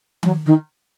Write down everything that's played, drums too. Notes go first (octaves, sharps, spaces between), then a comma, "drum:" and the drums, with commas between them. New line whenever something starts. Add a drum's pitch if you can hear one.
F#3, drum: tom D#3
D#3